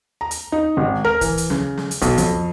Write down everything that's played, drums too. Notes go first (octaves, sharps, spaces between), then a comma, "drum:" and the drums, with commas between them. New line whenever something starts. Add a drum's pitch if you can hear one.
A#5
drum: hi-hat
D#4
G#1
A#4
E3, drum: kick C#2, hi-hat
drum: hi-hat
C#3, drum: snare
drum: snare
drum: hi-hat
B1, drum: kick C#2, hi-hat
F2, drum: hi-hat